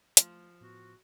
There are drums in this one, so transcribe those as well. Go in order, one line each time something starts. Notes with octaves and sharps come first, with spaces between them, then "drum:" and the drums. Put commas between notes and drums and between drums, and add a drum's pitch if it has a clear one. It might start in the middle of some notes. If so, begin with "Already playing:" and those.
F3 A3, drum: hi-hat
A2 B3 F#4